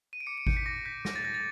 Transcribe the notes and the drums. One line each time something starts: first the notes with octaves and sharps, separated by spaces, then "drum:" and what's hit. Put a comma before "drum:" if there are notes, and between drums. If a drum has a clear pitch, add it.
D#7
D7
D6 C#7
D7
G6 C#7, drum: kick G#1
B6
D6 A#6
G6 B6
D6 A#6, drum: snare
A6
G6 A#6
A6